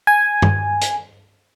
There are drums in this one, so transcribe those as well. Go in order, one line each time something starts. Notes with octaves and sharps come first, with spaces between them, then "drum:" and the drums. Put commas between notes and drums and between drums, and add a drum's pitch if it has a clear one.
G#5
drum: tom G2
drum: hi-hat